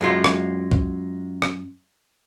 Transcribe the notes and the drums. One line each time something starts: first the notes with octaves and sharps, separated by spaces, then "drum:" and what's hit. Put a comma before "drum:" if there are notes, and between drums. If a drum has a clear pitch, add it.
F#2 G#3 F4
drum: rim click
drum: kick
drum: rim click